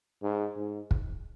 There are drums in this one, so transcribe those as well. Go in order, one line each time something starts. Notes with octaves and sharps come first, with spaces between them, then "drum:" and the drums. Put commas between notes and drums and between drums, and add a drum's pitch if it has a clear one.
G#2
G#2
drum: kick